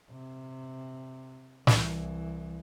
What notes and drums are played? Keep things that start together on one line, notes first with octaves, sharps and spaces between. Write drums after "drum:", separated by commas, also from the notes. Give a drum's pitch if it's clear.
C3
C2 E3, drum: snare